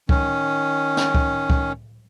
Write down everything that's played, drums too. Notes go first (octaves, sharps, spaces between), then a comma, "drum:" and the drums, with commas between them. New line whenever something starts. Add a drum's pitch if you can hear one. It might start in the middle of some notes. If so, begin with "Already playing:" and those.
D#3 C#4, drum: kick C#2
drum: snare
drum: kick C#2
drum: kick C#2